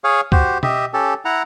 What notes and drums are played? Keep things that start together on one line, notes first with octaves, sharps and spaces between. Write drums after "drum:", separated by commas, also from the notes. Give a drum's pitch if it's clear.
G#4 C#5 F5
F#4 G4 C5, drum: kick C#2
G4 D#5 E5, drum: tom B2
C#4 G4 A4
E4 F#5 A#5